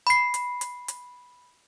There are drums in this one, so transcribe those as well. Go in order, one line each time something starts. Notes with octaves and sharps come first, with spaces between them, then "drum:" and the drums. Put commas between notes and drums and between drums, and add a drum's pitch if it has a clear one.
B5 C7
drum: hi-hat
drum: hi-hat
drum: hi-hat